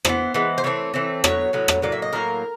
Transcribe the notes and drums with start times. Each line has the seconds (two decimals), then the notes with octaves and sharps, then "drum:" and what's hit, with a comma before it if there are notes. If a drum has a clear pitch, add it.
0.05 E3 G#3 B3 C5, drum: rim click
0.34 E3 G#3 B3
0.58 C5
0.64 E3 A3 C4 C#5
0.94 E3 A3 C4
1.24 A2 F#3 B3 C#5, drum: rim click
1.53 A2 F#3 B3
1.68 drum: rim click
1.82 A2 F#3 A#3 D5
1.92 E5
2.02 D#5
2.13 A2 F#3 A#3 A#4